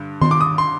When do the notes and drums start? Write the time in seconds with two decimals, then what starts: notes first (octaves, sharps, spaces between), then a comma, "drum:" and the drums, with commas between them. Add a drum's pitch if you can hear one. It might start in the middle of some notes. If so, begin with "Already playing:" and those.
Already playing: G2 D3
0.21 C6, drum: tom D#3
0.31 D6
0.41 D#6
0.58 C6